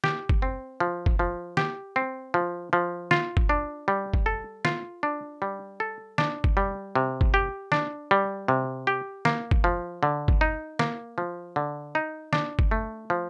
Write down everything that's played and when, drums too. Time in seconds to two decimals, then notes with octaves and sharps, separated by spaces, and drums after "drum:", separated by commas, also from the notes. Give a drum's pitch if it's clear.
0.04 G4, drum: snare
0.29 drum: kick
0.42 C4
0.80 F3
1.06 drum: kick
1.19 F3
1.57 G4, drum: snare
1.96 C4
2.34 F3
2.73 F3
3.11 F4, drum: snare
3.37 drum: kick
3.49 D4
3.88 G3
4.14 drum: kick
4.26 A4
4.65 F4, drum: snare
5.03 D4
5.42 G3
5.80 A4
6.18 D4, drum: snare
6.44 drum: kick
6.57 G3
6.95 C3
7.21 drum: kick
7.34 G4
7.72 D4, drum: snare
8.11 G3
8.48 C3
8.87 G4
9.25 A#3, drum: snare
9.51 drum: kick
9.64 F3
10.03 D3
10.28 drum: kick
10.41 D#4
10.79 A#3, drum: snare
11.18 F3
11.56 D3
11.95 D#4
12.33 D4, drum: snare
12.59 drum: kick
12.71 A3
13.10 F3